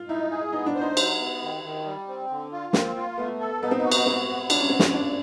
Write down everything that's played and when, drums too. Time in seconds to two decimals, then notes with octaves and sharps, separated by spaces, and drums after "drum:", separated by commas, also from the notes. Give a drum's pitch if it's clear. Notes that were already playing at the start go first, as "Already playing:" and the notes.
Already playing: F4
0.09 D#4 E4
0.31 G#4
0.53 B3 D#4
0.66 D4
0.76 C5
0.81 D#4
0.97 F#3, drum: cymbal
1.19 B3
1.42 D#3
1.63 D#3
1.85 G3
2.08 C4
2.29 D3
2.52 F4
2.73 A#3 C4, drum: snare
2.96 F4
3.18 A3 B3
3.40 A4
3.62 B3 D#4
3.71 C4
3.80 B3 F#4
3.92 drum: cymbal
4.06 B3 C4
4.29 B3
4.50 F#3 D4, drum: cymbal
4.60 C#4
4.69 B3 C4
4.79 C#4, drum: snare
4.94 A#2 D4